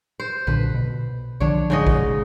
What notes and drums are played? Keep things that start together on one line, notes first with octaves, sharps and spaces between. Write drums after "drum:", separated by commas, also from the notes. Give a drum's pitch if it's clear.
C5
B1 A#2 D3 B4
B2
B1 D3 F3 D4 C#5
G#2 C#3 D#5
drum: kick G#1